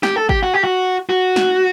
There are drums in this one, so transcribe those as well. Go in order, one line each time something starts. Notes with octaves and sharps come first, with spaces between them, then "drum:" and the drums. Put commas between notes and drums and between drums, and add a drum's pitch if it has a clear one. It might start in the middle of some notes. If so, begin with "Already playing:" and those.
G4, drum: snare
A4
G4, drum: kick
F#4
G4
F#4
F#4
drum: snare